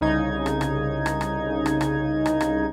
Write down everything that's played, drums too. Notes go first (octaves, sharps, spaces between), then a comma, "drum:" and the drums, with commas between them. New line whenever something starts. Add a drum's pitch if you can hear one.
C2 C#3 D#4 G#6
drum: rim click
drum: rim click
drum: rim click
drum: rim click
drum: rim click
drum: rim click
drum: rim click
drum: rim click